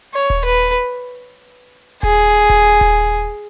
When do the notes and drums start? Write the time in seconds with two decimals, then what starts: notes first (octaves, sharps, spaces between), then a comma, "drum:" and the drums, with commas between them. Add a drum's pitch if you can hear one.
0.14 C#5
0.30 drum: kick D#1
0.45 B4
2.03 G#4, drum: kick D#1
2.50 drum: kick D#1
2.81 drum: kick D#1